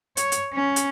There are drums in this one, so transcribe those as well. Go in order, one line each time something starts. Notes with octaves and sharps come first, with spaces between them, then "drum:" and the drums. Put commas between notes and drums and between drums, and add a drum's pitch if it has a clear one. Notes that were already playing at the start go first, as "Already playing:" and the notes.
C#5, drum: hi-hat
drum: hi-hat
C#4
drum: hi-hat